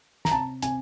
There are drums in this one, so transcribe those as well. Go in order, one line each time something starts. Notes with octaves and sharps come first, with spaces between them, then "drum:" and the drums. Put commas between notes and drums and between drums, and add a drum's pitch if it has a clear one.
A#5, drum: snare
C3 A5
C3 G#5, drum: hi-hat